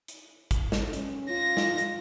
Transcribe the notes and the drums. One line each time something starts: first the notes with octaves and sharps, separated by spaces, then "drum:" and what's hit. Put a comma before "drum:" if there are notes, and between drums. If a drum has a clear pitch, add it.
drum: hi-hat
drum: kick G#1, hi-hat
drum: snare
C#4, drum: hi-hat
F4 A#6
drum: snare
drum: hi-hat